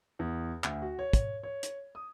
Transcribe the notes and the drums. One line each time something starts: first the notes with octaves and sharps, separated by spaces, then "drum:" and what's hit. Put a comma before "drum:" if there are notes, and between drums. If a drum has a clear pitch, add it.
E2
D2, drum: clap
F#4
C#5
drum: kick, hi-hat
C#5
drum: hi-hat
D#6